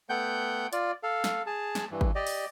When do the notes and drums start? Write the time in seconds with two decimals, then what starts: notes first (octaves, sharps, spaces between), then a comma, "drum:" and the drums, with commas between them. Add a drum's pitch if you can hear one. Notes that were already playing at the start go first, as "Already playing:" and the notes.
0.09 A3 B3 F#5 G5 G6
0.73 F4 D5, drum: hi-hat
1.03 A4 F5
1.24 drum: snare
1.46 G#4 A5
1.75 drum: snare
1.91 G2 E3
2.01 drum: kick G#1
2.15 G4 D5 D#5
2.27 drum: open hi-hat